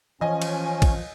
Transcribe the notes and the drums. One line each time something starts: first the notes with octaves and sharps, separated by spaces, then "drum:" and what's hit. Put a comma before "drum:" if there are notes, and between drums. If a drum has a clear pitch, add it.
E3 F3 C#4 D#5 G#5
drum: cymbal
drum: kick, cymbal